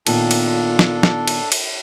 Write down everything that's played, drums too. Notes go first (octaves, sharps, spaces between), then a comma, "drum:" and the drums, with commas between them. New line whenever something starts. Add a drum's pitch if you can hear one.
A#2 D#3 B3 D4 F4 A4, drum: cymbal
drum: cymbal
drum: snare
drum: snare
drum: cymbal
drum: cymbal